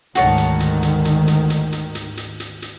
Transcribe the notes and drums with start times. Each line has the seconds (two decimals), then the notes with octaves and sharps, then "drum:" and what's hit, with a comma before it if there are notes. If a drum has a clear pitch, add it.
0.15 D2 G#2 D#3 F#4 C#5 A5, drum: hi-hat
0.38 drum: hi-hat
0.60 drum: hi-hat
0.83 drum: hi-hat
1.05 drum: hi-hat
1.28 drum: hi-hat
1.50 drum: hi-hat
1.72 drum: hi-hat
1.95 drum: hi-hat
2.17 drum: hi-hat
2.40 drum: hi-hat
2.62 drum: hi-hat